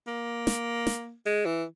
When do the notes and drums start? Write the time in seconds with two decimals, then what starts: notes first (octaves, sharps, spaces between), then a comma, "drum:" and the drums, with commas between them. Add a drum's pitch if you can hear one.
0.07 A#3
0.47 drum: snare
0.87 drum: snare
1.26 G#3
1.46 E3